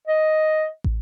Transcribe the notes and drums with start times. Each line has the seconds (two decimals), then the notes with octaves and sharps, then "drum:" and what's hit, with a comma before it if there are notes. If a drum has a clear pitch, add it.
0.08 D#5
0.84 drum: kick